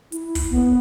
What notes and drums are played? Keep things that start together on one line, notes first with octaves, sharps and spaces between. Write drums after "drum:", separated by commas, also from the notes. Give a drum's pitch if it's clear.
E4, drum: hi-hat
drum: kick, open hi-hat
B3